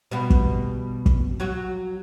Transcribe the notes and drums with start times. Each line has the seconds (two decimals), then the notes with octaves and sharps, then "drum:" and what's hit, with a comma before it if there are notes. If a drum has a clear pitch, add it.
0.11 B2 G3 B3
0.30 drum: kick
1.06 drum: kick
1.40 F#3 F#4